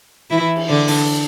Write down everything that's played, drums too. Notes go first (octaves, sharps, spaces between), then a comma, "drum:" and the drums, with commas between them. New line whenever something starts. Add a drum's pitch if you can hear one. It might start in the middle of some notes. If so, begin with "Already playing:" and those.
E3 E4
drum: cymbal
D3 D4
drum: open hi-hat